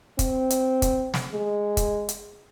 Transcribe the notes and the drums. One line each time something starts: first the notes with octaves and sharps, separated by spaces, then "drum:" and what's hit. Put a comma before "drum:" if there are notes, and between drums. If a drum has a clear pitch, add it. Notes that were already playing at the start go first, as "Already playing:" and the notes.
C4, drum: kick, hi-hat
drum: hi-hat
drum: kick, hi-hat
drum: snare
G#3
drum: kick, hi-hat
drum: hi-hat